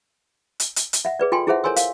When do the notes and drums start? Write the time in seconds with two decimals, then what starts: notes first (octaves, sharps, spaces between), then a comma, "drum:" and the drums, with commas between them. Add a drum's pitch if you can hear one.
0.60 drum: hi-hat
0.76 drum: hi-hat
0.93 drum: hi-hat
1.05 E5 F#5
1.19 G#4 B4 D5
1.32 F4 A4 G5 G#5 C6
1.47 E4 G#4 A4 C5 E5 F#5
1.64 A4 A#4 C#5 G#5 C6 E6
1.76 F5, drum: hi-hat